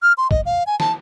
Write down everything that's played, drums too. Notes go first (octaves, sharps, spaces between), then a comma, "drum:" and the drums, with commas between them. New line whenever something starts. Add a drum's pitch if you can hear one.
F6
C6
D#5, drum: kick
F5
G#5
A5, drum: snare